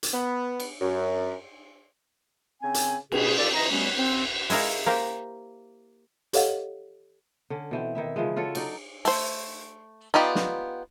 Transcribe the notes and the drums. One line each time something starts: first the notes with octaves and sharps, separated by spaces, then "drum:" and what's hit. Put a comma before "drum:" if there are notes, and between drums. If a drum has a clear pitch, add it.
drum: hi-hat
B3
drum: cymbal
F#2
C#3 C4 G#5
drum: hi-hat
B2 G#4, drum: cymbal
F3 A4 D5
E3 D#5 A#5
F#3 G3 A3 B3 C#4
C4
G#3 E4 G#4 A#4 F5, drum: open hi-hat
A#3 G4 A#4 C5
G4 A4 C#5 D#5 F5 F#5, drum: hi-hat
D3 C#4
B2 E3 C4
D#3 E4 E5
C#3 E3 F3 G#3
F4 F#4 A4 C#5
F#3 D#4 D5, drum: cymbal
A3 C5, drum: open hi-hat
B3 D#4 F4 G4 D5
drum: snare